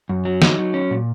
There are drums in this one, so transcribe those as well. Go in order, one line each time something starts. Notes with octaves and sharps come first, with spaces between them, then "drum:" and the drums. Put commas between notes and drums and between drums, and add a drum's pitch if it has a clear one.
F#2
F#3
D#4, drum: snare
F#3
C#4
A#2